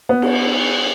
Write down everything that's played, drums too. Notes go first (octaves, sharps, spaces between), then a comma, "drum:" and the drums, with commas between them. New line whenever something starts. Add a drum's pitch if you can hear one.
B3
drum: cymbal